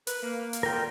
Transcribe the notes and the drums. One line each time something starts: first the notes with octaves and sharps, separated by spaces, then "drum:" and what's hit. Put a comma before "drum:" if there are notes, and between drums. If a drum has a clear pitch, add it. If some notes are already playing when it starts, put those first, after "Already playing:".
A#4 B4, drum: hi-hat
A#3
drum: hi-hat
D3 F4 A#4 G5